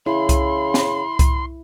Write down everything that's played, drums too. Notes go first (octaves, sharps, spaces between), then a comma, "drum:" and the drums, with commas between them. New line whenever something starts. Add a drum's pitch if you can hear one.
C#3 E4 B5 C6
drum: kick C2, hi-hat
drum: snare
drum: kick C2, hi-hat